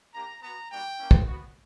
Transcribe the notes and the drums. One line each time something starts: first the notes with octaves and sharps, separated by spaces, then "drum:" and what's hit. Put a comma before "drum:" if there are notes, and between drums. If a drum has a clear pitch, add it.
A#3 D4 G4 A#5
B3 F#4 A#5
G3 A#3 D4 F#4 G5
A#3 C#4 E4
drum: kick
B3 F#4